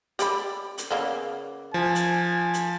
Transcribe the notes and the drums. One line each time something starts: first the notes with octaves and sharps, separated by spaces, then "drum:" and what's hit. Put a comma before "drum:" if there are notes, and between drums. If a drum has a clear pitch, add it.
G4 D5 B5, drum: hi-hat
drum: hi-hat
C#3 A#3 B3
F3 G#5
drum: hi-hat
drum: hi-hat